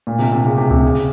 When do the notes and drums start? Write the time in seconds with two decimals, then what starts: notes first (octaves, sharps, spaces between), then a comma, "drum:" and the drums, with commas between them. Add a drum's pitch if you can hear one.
0.07 A#2
0.19 C3
0.32 C3
0.45 C#3
0.58 C3
0.71 C3, drum: kick C#2
0.83 C#3